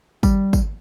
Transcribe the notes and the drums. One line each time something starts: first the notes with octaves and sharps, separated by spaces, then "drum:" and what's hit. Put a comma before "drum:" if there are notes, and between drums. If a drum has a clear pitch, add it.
G3, drum: kick, tambourine
drum: kick, tambourine